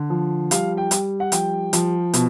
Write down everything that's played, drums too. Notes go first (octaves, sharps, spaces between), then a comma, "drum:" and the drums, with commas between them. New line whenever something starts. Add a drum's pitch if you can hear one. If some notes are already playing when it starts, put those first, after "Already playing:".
Already playing: D3
F3
G3 F5, drum: hi-hat
G5
G3, drum: hi-hat
F#5
F3 G5, drum: hi-hat
F3, drum: hi-hat
B2, drum: hi-hat